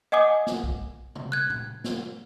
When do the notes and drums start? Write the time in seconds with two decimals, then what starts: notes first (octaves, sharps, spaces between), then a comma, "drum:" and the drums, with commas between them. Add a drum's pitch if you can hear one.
0.12 D#5 F#5 G#5 D6 D#6
0.47 drum: snare
0.64 drum: kick B1
1.15 drum: tom B2
1.32 F#6 G#6
1.50 drum: tom A2
1.84 drum: snare